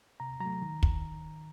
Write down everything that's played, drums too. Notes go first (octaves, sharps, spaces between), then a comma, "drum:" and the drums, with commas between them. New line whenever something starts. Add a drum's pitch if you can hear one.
C3 A#5
F#3 A#5
A3
D#3
drum: kick